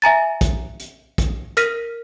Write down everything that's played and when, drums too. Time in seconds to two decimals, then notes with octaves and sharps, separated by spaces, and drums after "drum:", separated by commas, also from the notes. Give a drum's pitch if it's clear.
0.02 E5 G#5 A#5 A6
0.41 drum: kick, hi-hat
0.80 drum: hi-hat
1.18 drum: kick, hi-hat
1.57 A#4 F6 A#6 B6 D#7, drum: hi-hat